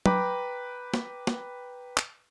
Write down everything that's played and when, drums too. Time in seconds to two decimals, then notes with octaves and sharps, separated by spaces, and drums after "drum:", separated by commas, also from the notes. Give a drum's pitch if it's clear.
0.06 B4 G5 A#5 B5 D6, drum: tom F#3
0.94 drum: snare
1.27 drum: snare
1.98 drum: clap